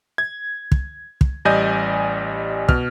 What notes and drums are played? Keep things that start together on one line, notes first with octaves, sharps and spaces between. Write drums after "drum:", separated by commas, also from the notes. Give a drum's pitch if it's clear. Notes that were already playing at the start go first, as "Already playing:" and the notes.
G#6
drum: kick
drum: kick
A1 G3 D5 D#5 G#5 G6
B2 F6, drum: kick